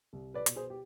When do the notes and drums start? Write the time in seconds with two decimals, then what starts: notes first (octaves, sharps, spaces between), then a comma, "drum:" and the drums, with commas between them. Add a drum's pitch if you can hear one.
0.13 C2
0.34 B4 D5
0.46 B2 B3, drum: hi-hat
0.56 G#4 C5
0.70 G4